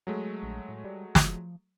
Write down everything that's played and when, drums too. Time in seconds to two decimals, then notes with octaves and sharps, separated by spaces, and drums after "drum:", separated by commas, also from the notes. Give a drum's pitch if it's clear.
0.07 F#3 G#3 A3
0.43 A#1
0.69 A2
0.84 G3
1.15 F3, drum: snare